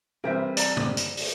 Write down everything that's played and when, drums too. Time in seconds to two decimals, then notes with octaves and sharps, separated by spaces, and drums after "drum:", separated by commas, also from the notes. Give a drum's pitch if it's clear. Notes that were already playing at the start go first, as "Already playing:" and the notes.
0.24 C3 E3 G3 A#4 C5 E5
0.57 D5 A5 A#5, drum: hi-hat
0.77 drum: tom
0.97 drum: hi-hat
1.17 drum: open hi-hat